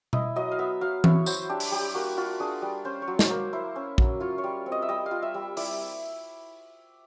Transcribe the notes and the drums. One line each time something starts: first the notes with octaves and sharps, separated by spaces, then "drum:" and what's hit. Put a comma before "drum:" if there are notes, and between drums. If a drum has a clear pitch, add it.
E4 D#5, drum: tom B2
F#3 D#5
F5
B3 E5
F#3 F5
E4 C#5, drum: tom E3
F#3 C5, drum: tambourine
D4 G4
drum: open hi-hat
G3 G4
A#3 F#4
F4 F#4
D4 G#4
G3
C#4 C5
C#5
F#3
C5, drum: snare
A#3
E4 C5
C#4
F#3, drum: kick A#1
F4 C#5
C#5
G3
C4
D#5
E5
G3 D#5
F5
F4
E5
G3
E4 D5, drum: open hi-hat